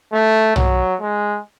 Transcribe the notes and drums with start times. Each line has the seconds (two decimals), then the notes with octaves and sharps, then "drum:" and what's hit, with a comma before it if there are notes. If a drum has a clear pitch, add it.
0.13 A3
0.56 F#3, drum: tom
1.00 G#3